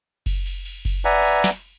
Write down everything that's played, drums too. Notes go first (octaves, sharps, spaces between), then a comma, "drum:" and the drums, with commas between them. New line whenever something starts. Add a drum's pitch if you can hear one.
drum: kick F#1, cymbal
drum: cymbal
drum: cymbal
drum: kick F#1, cymbal
B4 D5 E5 F#5 G#5 A#5
drum: cymbal
drum: snare